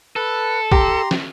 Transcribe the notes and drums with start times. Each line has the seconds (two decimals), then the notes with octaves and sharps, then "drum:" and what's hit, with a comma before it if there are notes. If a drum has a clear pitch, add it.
0.16 A4 B4
0.72 G4 A#5 C6, drum: kick
1.11 drum: snare